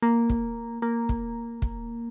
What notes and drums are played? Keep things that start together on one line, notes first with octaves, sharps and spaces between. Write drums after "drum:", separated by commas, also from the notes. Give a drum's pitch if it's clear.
A#3
drum: kick
A#3
drum: kick
drum: kick